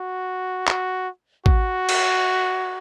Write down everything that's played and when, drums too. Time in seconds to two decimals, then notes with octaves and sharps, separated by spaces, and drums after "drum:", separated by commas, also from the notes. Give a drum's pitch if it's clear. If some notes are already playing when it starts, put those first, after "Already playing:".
Already playing: F#4
0.68 F#4, drum: clap
1.46 F#4, drum: kick
1.89 drum: cymbal